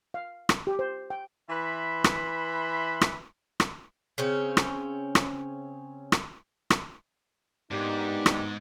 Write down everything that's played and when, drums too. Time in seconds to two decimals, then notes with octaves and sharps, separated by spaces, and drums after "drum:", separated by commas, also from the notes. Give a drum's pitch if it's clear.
0.14 F5
0.49 drum: rim click
0.67 G4
0.79 C5
1.10 G5
1.50 E3 B4 E5 B5 C6
2.04 drum: rim click
3.01 drum: rim click
3.60 drum: rim click
4.18 C#3 C4 C#4
4.57 drum: rim click
5.15 drum: rim click
6.12 drum: rim click
6.70 drum: rim click
7.71 G#2 A#3 B3 D4 D#4 G4
8.26 drum: rim click